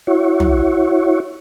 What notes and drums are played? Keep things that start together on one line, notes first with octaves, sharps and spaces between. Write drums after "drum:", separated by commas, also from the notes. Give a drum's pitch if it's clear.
E4 F#4 C#5
drum: tom